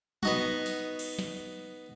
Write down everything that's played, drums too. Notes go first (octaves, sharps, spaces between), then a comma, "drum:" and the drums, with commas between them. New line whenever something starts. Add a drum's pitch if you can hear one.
B3 D#4 F#4, drum: tom F#3
drum: open hi-hat
drum: cymbal
drum: snare